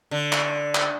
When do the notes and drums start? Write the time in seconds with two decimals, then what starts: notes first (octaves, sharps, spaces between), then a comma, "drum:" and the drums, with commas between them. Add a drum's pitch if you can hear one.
0.11 D3
0.33 drum: clap
0.75 drum: clap